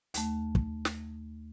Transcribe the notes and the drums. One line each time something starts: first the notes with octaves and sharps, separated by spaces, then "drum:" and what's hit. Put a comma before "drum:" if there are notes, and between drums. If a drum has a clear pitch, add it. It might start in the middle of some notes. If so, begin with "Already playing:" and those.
D#2 A3, drum: hi-hat
drum: kick
drum: snare